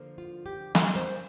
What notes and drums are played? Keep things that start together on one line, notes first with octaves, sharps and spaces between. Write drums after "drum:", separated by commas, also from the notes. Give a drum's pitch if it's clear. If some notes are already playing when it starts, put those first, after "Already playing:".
Already playing: D3 F3 A#3
F4
G4
A#4, drum: snare
C5